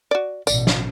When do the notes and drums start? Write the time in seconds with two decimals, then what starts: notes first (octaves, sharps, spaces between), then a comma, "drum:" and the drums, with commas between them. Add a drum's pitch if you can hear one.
0.11 F#4 D5
0.47 A1 B2 D5, drum: tambourine
0.67 drum: snare